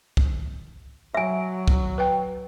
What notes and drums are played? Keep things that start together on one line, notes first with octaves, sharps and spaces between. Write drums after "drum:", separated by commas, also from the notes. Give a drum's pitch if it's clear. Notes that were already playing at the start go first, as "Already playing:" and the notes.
drum: kick
F#3 E5 G#5
drum: kick
B4 G5